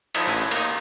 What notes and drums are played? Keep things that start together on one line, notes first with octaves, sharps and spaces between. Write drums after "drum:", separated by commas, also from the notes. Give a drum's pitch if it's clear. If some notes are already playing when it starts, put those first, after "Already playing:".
F3 D#4 E4, drum: cymbal
A1 E4 G#5
A#3 D#4, drum: cymbal